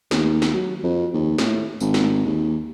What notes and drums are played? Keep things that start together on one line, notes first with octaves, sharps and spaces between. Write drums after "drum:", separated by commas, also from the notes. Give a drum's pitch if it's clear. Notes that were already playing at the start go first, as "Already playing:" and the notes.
D#2, drum: snare
drum: snare
F#3
F2
D#2
A2, drum: snare
G#1, drum: tambourine
drum: snare
D#2